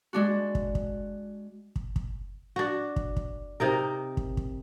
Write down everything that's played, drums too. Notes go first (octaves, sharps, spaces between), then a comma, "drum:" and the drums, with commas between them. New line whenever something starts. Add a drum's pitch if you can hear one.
G#3 D4 F#4
drum: kick
drum: kick
drum: kick
drum: kick
D4 F#4
drum: kick
drum: kick
C3 D#4 A#4
drum: kick
drum: kick